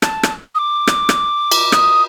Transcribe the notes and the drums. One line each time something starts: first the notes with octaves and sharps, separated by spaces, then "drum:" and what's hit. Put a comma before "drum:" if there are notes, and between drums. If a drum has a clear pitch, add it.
A5, drum: rim click
drum: rim click
D#6
D6
drum: rim click
drum: rim click
drum: cymbal
D#6, drum: rim click